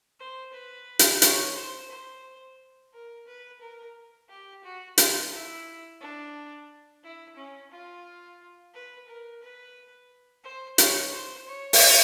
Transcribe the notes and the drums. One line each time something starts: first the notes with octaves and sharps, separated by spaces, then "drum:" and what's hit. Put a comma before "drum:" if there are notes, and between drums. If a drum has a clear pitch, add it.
C5
B4
drum: hi-hat
C#5, drum: hi-hat
C5
C5
A#4
B4
A#4
G4
F#4
F4, drum: hi-hat
E4
D4
E4
C#4
F4
B4
A#4
B4
C5
C#5, drum: hi-hat
C5
C#5
drum: open hi-hat